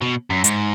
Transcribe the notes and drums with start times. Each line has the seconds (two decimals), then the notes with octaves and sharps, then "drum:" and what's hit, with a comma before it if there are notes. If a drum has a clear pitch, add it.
0.01 B2
0.30 F#2
0.44 G#2, drum: hi-hat